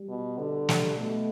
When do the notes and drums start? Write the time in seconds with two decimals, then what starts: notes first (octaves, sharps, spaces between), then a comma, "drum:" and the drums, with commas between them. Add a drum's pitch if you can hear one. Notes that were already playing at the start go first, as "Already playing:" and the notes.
Already playing: G3
0.09 B2
0.39 D3
0.69 drum: snare
0.98 B2 A3